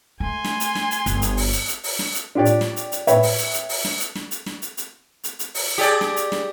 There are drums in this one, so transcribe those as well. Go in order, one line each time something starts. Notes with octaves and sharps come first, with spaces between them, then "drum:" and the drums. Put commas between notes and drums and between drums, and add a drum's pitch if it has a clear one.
A3 G#5 C6
drum: snare
drum: hi-hat
drum: snare
drum: hi-hat
G1, drum: hi-hat
drum: hi-hat
drum: open hi-hat
drum: hi-hat
drum: hi-hat
drum: open hi-hat
drum: snare
drum: hi-hat
D4 F4 G4 C#5 D5
drum: hi-hat
drum: snare
drum: hi-hat
drum: hi-hat
B4 C#5 E5 G5 B5, drum: hi-hat
drum: open hi-hat
drum: hi-hat
drum: hi-hat
drum: open hi-hat
drum: snare
drum: hi-hat
drum: snare
drum: hi-hat
drum: snare
drum: hi-hat
drum: hi-hat
drum: hi-hat
drum: hi-hat
drum: open hi-hat
G4 G#4 D5
drum: snare
drum: hi-hat
drum: snare